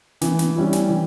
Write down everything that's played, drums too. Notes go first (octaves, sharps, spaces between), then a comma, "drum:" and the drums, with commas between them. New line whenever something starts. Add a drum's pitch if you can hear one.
E3, drum: snare
drum: snare
G3 C#4 E4
drum: snare
E3